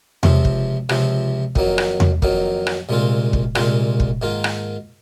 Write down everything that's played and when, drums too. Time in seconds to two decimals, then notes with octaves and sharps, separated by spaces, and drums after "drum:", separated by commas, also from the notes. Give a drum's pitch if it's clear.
0.23 C#2 C3 F3 C4, drum: tom E2
0.45 drum: kick
0.89 C#2 C3 F3 C4, drum: rim click
1.55 F2 D#3 F#3 A#3, drum: kick
1.78 drum: rim click
2.00 drum: tom E2
2.22 F2 D#3 F#3 A#3, drum: kick
2.67 drum: rim click
2.89 C2 A#2 G#3 C4 F4
3.33 drum: kick
3.55 C2 A#2 G#3 C4 F4, drum: rim click
4.00 drum: kick
4.22 G#2 D#3 A#3 F4
4.44 drum: rim click